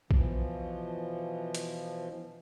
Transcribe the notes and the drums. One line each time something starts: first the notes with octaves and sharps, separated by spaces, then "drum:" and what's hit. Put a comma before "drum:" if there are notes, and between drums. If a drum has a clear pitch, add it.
B2 E3 F3, drum: kick A#1
drum: hi-hat